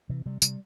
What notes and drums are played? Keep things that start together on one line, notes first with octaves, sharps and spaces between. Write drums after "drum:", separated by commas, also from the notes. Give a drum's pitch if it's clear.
C3 E3
C3 G3
C3 G3, drum: tambourine